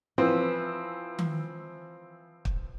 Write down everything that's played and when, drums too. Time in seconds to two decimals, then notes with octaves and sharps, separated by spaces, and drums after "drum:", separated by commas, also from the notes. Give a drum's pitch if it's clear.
0.18 E3 F3 C4 B4
1.19 drum: tom D#3
2.45 drum: kick